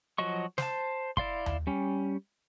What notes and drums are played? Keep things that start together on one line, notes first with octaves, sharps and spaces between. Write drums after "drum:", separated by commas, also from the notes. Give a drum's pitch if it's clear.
F3 F#3 F#4 D#5 C#6
C5 A5, drum: snare
E4 D5 F5 C6, drum: kick
drum: tom D#2
G3 C#4